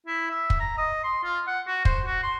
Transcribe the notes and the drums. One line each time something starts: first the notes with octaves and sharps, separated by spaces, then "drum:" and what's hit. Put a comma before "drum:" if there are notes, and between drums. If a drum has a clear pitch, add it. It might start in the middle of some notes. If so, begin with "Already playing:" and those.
E4
E5
drum: kick
A#5
D#5
C6
F4
F#5
F#4
C5, drum: kick
F#4
C6